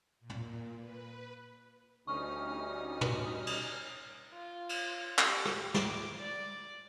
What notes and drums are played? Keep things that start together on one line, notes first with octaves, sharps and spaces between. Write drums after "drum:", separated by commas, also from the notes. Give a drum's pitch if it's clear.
A#2
drum: tom
B4
D2 G3 C#4 D#4 C#6 D#6 F6
drum: tom
drum: cymbal
F4
drum: cymbal
G4, drum: clap
drum: rim click
D6, drum: snare
D5